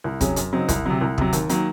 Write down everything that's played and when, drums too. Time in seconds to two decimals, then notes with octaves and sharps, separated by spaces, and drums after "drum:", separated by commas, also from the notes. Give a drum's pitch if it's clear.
0.04 C2
0.21 C3 F#3 C#4 G#4, drum: kick, hi-hat
0.36 F#2, drum: hi-hat
0.53 C#3 F#3 C4 D#4
0.69 C2, drum: kick, hi-hat
0.86 C3 F#3
1.01 C2
1.18 C3 F#3, drum: kick
1.33 D#2, drum: hi-hat
1.49 D#3 F#3 A#3, drum: hi-hat